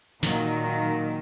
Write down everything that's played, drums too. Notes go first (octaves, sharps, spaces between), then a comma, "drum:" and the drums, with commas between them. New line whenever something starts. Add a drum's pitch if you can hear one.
A#2 D#3 F#3, drum: snare